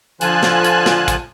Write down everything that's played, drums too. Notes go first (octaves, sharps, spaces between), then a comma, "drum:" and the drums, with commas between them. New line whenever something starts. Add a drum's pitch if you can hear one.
D3 F3 F4 G#5 A5 F#6, drum: hi-hat
drum: snare
drum: hi-hat
drum: snare
drum: kick, hi-hat